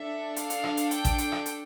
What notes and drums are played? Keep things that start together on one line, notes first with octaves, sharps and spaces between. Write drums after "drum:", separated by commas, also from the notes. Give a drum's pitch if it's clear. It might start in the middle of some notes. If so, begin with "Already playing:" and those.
Already playing: D4 A4 E5
F5, drum: hi-hat
drum: hi-hat
drum: rim click
drum: hi-hat
G5, drum: hi-hat
drum: kick A1, hi-hat
drum: hi-hat
drum: rim click
drum: hi-hat